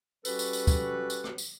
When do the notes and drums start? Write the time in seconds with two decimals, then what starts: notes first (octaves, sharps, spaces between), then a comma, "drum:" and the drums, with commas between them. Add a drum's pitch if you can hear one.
0.25 G3 C#4 F#4 G4 A4 B4, drum: tambourine
0.39 drum: tambourine
0.53 drum: tambourine
0.67 drum: kick, tambourine
1.10 drum: tambourine
1.24 drum: rim click
1.38 drum: tambourine